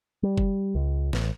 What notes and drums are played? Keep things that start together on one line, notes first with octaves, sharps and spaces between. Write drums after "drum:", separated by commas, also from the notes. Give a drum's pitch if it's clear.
G3
drum: kick F#1
C#2
A1, drum: snare